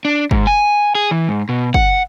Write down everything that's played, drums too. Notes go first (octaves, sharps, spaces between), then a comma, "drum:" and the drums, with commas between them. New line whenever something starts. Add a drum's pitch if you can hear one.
D4
G#2, drum: kick
G#5
G#4
E3
G#2
B2
F#5, drum: kick